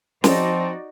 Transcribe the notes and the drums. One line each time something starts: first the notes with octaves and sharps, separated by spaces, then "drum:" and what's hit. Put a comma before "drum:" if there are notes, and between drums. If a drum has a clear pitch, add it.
F3 C4 D#4 F#4 D5, drum: snare